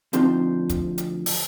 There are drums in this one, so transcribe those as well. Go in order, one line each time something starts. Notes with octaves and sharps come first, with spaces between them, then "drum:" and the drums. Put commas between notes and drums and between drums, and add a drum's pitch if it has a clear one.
D2 F3 C4 D#4 C5, drum: hi-hat
drum: kick, hi-hat
drum: hi-hat
drum: open hi-hat